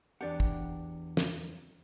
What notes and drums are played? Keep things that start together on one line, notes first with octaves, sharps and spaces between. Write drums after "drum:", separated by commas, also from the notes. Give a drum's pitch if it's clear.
E2 D4 G4 D5 F#5
drum: kick
drum: snare